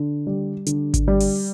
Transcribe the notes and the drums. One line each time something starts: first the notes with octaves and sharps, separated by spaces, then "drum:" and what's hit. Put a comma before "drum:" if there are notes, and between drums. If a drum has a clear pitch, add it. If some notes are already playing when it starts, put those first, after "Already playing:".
Already playing: D3
G3
D3, drum: hi-hat
drum: kick G#1, hi-hat
G3
drum: open hi-hat